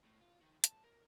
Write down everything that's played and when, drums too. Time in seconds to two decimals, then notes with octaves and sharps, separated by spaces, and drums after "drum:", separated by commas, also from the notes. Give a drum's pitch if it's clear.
0.06 A2
0.21 F4
0.41 D#3
0.64 A5, drum: hi-hat
0.84 A#4